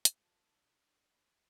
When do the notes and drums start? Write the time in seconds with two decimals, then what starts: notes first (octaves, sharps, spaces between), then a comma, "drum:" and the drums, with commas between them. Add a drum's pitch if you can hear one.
0.05 drum: hi-hat
0.20 F4 A5
0.51 D4
0.81 D4
1.12 B5